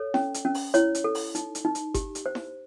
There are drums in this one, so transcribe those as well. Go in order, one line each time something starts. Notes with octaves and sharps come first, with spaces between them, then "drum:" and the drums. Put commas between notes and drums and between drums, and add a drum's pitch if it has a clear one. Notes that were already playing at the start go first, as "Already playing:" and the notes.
Already playing: A4 C#5
C#4, drum: snare E4
drum: hi-hat
C#4
drum: open hi-hat
E4 C#5, drum: hi-hat
drum: hi-hat
A4
drum: open hi-hat
D#4, drum: hi-hat
drum: hi-hat
D#4
drum: hi-hat
G4, drum: kick G1, hi-hat
drum: hi-hat
C5
drum: snare E4